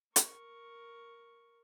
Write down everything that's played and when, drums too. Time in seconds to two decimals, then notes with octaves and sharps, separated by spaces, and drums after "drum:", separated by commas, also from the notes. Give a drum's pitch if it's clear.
0.16 A#4 C#6, drum: hi-hat